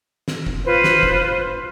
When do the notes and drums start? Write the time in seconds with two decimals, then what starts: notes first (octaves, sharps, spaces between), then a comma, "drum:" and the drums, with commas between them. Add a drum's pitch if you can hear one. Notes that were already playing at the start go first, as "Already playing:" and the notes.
0.28 drum: snare
0.46 drum: kick F#1
0.65 F4 B4 C5
0.84 drum: snare
1.03 drum: kick F#1